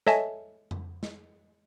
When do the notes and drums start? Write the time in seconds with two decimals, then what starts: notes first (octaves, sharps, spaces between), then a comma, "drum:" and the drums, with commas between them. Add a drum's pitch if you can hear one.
0.07 A4 C#5 D#5 E5 G#5 A5, drum: snare
0.71 drum: tom F2
1.03 drum: snare